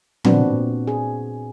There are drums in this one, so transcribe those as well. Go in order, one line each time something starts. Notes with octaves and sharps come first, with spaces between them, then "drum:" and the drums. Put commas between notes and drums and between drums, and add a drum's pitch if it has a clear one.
A#2 B3 C4 D4 F#4 B4, drum: tom
G#4